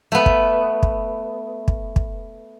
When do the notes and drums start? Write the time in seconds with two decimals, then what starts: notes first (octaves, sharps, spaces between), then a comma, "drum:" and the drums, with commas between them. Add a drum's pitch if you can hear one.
0.12 A3 B3
0.26 drum: kick
0.83 drum: kick
1.68 drum: kick
1.96 drum: kick